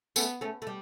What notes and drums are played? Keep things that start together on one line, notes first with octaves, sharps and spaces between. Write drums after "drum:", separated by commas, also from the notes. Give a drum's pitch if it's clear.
A3 B3 C#4, drum: tambourine
A3 C#4
A3
G3